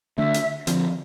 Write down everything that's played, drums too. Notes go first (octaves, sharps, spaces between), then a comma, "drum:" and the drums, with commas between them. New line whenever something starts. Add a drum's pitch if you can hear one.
D3 A3 D4 E5
drum: hi-hat
D3 F3 C4, drum: hi-hat